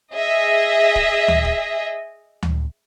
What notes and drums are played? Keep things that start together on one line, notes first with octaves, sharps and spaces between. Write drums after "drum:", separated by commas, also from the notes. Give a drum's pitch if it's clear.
G#4 D#5 E5
drum: kick
drum: tom D2
drum: kick
drum: tom D2